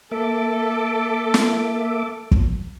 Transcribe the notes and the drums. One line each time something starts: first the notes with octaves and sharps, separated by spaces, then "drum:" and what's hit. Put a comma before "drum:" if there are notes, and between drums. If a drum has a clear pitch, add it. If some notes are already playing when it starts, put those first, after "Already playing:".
A#3 A4 E5 D6
drum: snare
drum: kick